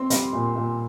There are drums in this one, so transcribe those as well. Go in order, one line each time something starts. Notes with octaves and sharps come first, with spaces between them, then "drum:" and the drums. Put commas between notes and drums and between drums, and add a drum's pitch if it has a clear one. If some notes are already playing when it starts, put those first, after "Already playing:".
Already playing: C4 C6
G3, drum: hi-hat
A#2
A#2